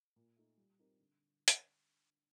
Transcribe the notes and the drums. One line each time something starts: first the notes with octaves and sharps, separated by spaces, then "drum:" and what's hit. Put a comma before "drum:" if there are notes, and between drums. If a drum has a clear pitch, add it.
A#2
A3 D#4
G3
C4 D#4 G4 A#4
D3
drum: hi-hat